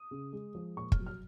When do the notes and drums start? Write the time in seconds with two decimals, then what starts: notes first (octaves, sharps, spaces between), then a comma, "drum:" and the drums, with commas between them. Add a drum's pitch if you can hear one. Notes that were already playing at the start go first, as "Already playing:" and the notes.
Already playing: D#6
0.11 C#3
0.33 G#3
0.55 F3
0.76 A#2 C#6
0.92 F6, drum: kick
0.99 F#3
1.06 F6